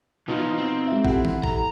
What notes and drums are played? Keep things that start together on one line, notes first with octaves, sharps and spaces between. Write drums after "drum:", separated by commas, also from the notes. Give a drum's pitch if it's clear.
B2 E3 F3 D#4 F4
C4
G#3 F4 E5
E4 G4 A4 F#5, drum: kick
drum: tom
A#5, drum: kick